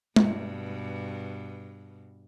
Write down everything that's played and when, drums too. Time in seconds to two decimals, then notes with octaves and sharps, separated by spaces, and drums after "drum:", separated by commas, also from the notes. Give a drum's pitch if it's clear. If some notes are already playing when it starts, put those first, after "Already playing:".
0.16 G2 B2, drum: tom G#3